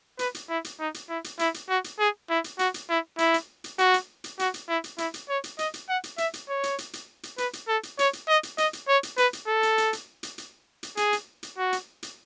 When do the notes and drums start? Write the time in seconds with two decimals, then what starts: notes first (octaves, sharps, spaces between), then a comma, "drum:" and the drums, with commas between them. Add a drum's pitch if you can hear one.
0.19 B4, drum: hi-hat
0.35 drum: hi-hat
0.49 E4
0.64 drum: hi-hat
0.79 D#4
0.94 drum: hi-hat
1.09 E4
1.24 drum: hi-hat
1.39 E4, drum: hi-hat
1.54 drum: hi-hat
1.69 F#4
1.84 drum: hi-hat
1.99 G#4
2.30 E4
2.44 drum: hi-hat
2.59 F#4, drum: hi-hat
2.74 drum: hi-hat
2.90 E4
3.18 E4, drum: hi-hat
3.34 drum: hi-hat
3.64 drum: hi-hat
3.79 F#4, drum: hi-hat
3.94 drum: hi-hat
4.24 drum: hi-hat
4.39 F#4, drum: hi-hat
4.54 drum: hi-hat
4.69 E4
4.84 drum: hi-hat
4.98 E4, drum: hi-hat
5.14 drum: hi-hat
5.29 C#5
5.44 drum: hi-hat
5.59 D#5, drum: hi-hat
5.74 drum: hi-hat
5.89 F#5
6.04 drum: hi-hat
6.18 E5, drum: hi-hat
6.34 drum: hi-hat
6.49 C#5
6.63 drum: hi-hat
6.78 drum: hi-hat
6.93 drum: hi-hat
7.23 drum: hi-hat
7.38 B4, drum: hi-hat
7.53 drum: hi-hat
7.68 A4
7.83 drum: hi-hat
7.99 C#5, drum: hi-hat
8.13 drum: hi-hat
8.28 D#5
8.43 drum: hi-hat
8.58 D#5, drum: hi-hat
8.73 drum: hi-hat
8.89 C#5
9.03 drum: hi-hat
9.18 B4, drum: hi-hat
9.33 drum: hi-hat
9.48 A4
9.63 drum: hi-hat
9.78 drum: hi-hat
9.93 drum: hi-hat
10.23 drum: hi-hat
10.38 drum: hi-hat
10.83 drum: hi-hat
10.97 G#4, drum: hi-hat
11.13 drum: hi-hat
11.43 drum: hi-hat
11.58 F#4
11.73 drum: hi-hat
12.03 drum: hi-hat